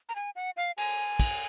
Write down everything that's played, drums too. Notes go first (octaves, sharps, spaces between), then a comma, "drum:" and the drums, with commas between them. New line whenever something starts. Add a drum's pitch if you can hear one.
A#5
G#5
F#5
F5
G#5, drum: cymbal
drum: kick, cymbal